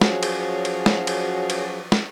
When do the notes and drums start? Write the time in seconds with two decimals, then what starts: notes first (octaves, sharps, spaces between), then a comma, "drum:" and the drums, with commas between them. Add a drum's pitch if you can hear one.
0.01 F3 F#3 C#4 F#4 G#4, drum: snare
0.23 drum: cymbal
0.65 drum: cymbal
0.86 drum: snare
1.07 drum: cymbal
1.50 drum: cymbal
1.92 drum: snare